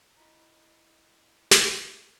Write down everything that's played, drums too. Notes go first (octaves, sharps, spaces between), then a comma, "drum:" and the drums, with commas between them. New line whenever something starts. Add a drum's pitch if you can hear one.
E4 F4 D#5 A#5 B5
drum: snare